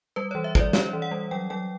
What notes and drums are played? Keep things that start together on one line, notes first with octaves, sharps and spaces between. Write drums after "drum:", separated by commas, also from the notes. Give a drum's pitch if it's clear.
G3 B4
E3 C#5
E5
G3 D5, drum: kick
C#4 C#5, drum: snare
E3
F#5
G3
F#3 G5
F#3 G5